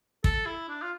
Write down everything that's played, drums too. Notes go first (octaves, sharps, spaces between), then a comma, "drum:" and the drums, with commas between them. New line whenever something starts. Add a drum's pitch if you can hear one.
A4, drum: kick
E4
D4
F4